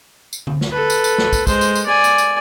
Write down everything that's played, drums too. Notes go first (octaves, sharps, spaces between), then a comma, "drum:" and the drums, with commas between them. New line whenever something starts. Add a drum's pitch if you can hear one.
drum: tambourine
drum: tom D3
drum: snare
A4 B4
drum: tambourine
drum: tambourine
drum: snare
drum: kick, tambourine
G#3 C5, drum: kick, tambourine
drum: tambourine
drum: tambourine
D5 G#5
drum: tambourine
drum: tambourine